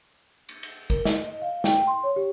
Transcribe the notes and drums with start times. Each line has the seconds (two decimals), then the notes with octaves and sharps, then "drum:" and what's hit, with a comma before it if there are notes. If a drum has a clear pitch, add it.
0.49 drum: cymbal
0.63 drum: cymbal
0.90 A#4, drum: kick, cymbal
1.05 D#5, drum: snare
1.26 D#5
1.42 F5
1.64 G5, drum: snare
1.87 C6
2.03 C#5
2.16 G4